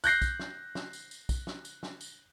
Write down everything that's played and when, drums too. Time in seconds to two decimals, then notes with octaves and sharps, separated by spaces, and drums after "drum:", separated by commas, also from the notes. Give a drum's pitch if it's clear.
0.04 F#6 G6 A#6 C7, drum: tambourine
0.22 drum: kick B1, tambourine
0.40 drum: snare
0.75 drum: snare
0.93 drum: tambourine
1.11 drum: tambourine
1.29 drum: kick B1, tambourine
1.47 drum: snare
1.65 drum: tambourine
1.83 drum: snare
2.01 drum: tambourine